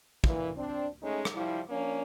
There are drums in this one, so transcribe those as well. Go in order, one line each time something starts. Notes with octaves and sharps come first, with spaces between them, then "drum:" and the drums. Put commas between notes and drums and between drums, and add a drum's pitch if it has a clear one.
A#2 E3, drum: kick
C4 D4
G#3 A3 C#4 D#4
drum: rim click
F3 G3 E4
F3 A#3 C#4 D4